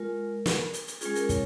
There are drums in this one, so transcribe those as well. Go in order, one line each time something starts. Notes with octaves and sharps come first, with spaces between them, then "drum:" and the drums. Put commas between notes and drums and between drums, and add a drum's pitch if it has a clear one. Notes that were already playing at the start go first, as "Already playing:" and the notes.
Already playing: G#3 F4 A#4
drum: snare
drum: hi-hat
drum: hi-hat
G#3 C#4 F4 G#4, drum: hi-hat
A#4, drum: hi-hat
C#5, drum: kick, hi-hat